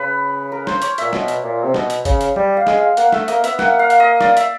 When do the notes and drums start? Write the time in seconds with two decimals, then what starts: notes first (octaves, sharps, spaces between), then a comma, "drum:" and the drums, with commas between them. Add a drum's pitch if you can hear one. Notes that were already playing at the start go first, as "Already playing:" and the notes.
Already playing: C#3 B4
0.52 A#4
0.67 C5, drum: snare
0.82 C#5, drum: hi-hat
0.98 A#2 E5, drum: hi-hat
1.13 B2, drum: snare
1.28 drum: hi-hat
1.44 A#2
1.63 C3
1.74 B2, drum: snare
1.90 drum: hi-hat
2.05 C#3, drum: kick G#1, hi-hat
2.21 drum: hi-hat
2.36 G3, drum: tom
2.57 F5
2.67 G#3, drum: snare
2.78 F5
2.97 A#3 F#5, drum: hi-hat
3.12 A3 E5, drum: snare
3.28 A#3 D#5, drum: hi-hat
3.44 B3 E5, drum: hi-hat
3.59 A#3 F#5, drum: snare
3.79 F5
3.90 drum: hi-hat
4.00 D#5
4.21 D5, drum: snare
4.37 E5, drum: hi-hat